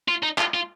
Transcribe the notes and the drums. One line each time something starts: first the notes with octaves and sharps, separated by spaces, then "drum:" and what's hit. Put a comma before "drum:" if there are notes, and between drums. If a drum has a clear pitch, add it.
F4
D#4
F4, drum: clap
F4